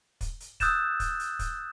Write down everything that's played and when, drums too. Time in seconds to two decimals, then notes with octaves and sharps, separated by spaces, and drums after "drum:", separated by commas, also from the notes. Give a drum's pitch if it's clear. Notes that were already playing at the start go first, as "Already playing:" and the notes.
0.21 drum: kick, hi-hat
0.40 drum: hi-hat
0.60 D#6 E6 F#6 G6 A6 E7, drum: kick, hi-hat
1.00 drum: kick, hi-hat
1.20 drum: hi-hat
1.39 drum: kick, hi-hat